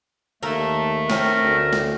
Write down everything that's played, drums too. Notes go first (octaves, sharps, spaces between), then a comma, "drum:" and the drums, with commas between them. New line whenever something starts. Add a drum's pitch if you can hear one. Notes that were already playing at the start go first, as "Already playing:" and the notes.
D#2 A3 A#3 A4 A#4
C4 C#4 A#4 G5, drum: snare
D2
drum: snare